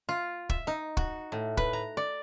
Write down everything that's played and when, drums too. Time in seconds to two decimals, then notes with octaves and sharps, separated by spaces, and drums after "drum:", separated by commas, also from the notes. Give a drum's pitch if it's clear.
0.09 F4
0.49 E5, drum: kick
0.67 D#4
0.97 F#4, drum: kick
1.32 A2
1.57 B4, drum: kick
1.73 A#5
1.97 D5